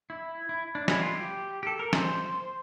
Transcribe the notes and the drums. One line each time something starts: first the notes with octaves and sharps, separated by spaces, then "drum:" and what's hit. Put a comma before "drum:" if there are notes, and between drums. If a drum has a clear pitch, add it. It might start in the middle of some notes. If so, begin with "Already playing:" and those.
E4
E4
D4
E4, drum: snare
F4
G4
G4
A4
A#4
C5, drum: snare